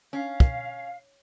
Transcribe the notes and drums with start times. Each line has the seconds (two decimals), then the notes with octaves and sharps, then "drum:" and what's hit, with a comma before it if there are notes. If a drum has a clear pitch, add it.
0.13 C#4 F5
0.40 drum: kick